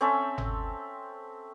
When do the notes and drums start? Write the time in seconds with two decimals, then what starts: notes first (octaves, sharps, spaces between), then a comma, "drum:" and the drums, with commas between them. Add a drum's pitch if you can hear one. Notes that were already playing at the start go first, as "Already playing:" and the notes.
0.01 C4 C#4 A4 E5
0.38 drum: tom G1